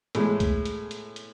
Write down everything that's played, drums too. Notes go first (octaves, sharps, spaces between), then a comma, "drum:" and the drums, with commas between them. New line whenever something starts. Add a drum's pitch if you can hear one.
A2 E3 G#3, drum: hi-hat
drum: kick, hi-hat
drum: hi-hat
drum: hi-hat
drum: hi-hat